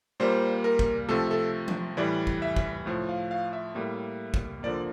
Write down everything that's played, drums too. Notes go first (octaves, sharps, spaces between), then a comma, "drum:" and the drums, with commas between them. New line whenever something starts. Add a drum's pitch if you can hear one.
A#2 G3 A#3 C5
A#4
drum: kick
C3 F3 A3 A4
A4
drum: tom F3
A2 E3 G3 D5
drum: kick
E5
drum: kick
A2 F3 A3
F5
F5
E5
A2 G3 A#3
drum: kick
D3 F3 A#3 D5